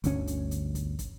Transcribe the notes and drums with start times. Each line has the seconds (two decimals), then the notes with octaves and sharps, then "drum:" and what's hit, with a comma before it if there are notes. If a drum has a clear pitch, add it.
0.04 G1 D2 C#4, drum: hi-hat
0.27 drum: hi-hat
0.51 drum: hi-hat
0.75 drum: kick, hi-hat
0.99 drum: kick, hi-hat